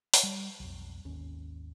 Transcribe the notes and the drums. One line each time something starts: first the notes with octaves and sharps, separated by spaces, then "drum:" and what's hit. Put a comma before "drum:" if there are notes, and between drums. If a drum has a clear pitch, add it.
drum: open hi-hat
G3
B1 F2
G#1 D#2 C#4